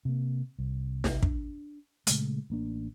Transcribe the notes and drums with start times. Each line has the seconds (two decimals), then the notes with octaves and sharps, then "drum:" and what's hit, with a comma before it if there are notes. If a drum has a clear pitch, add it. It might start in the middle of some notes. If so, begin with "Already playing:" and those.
0.05 C3 A#3
0.59 C2
1.04 drum: snare
1.23 D4, drum: kick
2.07 A#2 C#3 G#3 A3, drum: hi-hat
2.50 A1 A#3 D4